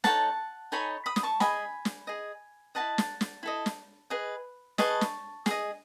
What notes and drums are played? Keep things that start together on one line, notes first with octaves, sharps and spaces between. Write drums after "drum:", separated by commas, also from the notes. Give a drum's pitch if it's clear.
D#4 A4 C#5 F#5 A5, drum: snare
D#4 A4 C#5 G#5 B5
B5 D#6
D#6, drum: snare
A5 C#6
G#4 D#5 G#5 B5, drum: snare
drum: snare
G#4 D#5
E4 A4 D#5 F#5 A5
drum: snare
drum: snare
E4 A4 D#5
drum: snare
G#4 B4 D#5
G#4 B4 D#5 A5 C#6, drum: snare
drum: snare
G#4 D#5, drum: snare